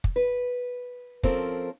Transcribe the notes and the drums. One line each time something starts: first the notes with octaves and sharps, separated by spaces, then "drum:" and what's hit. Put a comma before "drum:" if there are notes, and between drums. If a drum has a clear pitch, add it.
drum: kick
B4
F3 C4 C#4 A4 A#4, drum: kick